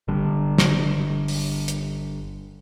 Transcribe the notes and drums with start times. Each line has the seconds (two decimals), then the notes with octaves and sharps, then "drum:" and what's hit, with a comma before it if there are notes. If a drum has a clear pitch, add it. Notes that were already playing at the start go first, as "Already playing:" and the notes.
0.08 G1 D3 G3 D4
0.58 drum: snare
1.28 drum: open hi-hat
1.68 drum: hi-hat